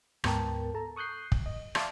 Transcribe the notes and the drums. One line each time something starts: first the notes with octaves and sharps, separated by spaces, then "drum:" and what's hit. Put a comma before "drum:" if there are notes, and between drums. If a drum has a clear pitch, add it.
D2 G#2 B3 A#4 G5 A5, drum: rim click
A4 A5 A#5
C#6 D#6 F#6 G6 C7
drum: kick
D#5
D5 E5 F5 A5 C6 D6, drum: rim click